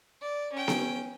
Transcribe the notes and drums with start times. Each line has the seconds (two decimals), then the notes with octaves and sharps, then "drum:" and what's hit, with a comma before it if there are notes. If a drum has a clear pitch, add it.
0.21 D5
0.52 C#4 G5
0.68 drum: snare B3